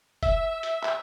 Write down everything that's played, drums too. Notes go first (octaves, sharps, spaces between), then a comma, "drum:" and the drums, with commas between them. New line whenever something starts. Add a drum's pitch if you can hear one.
E5, drum: kick, hi-hat
drum: hi-hat
drum: clap